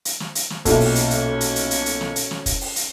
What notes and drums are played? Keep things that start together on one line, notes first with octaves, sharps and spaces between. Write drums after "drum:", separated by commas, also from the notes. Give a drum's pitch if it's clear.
drum: hi-hat
drum: snare
drum: hi-hat
drum: snare
B1 A#2 C#4 E4 F#4 A4, drum: kick, hi-hat
drum: open hi-hat
drum: hi-hat
drum: hi-hat
drum: hi-hat
drum: hi-hat
drum: hi-hat
drum: hi-hat
drum: snare
drum: hi-hat
drum: snare
drum: kick, hi-hat
drum: open hi-hat
drum: hi-hat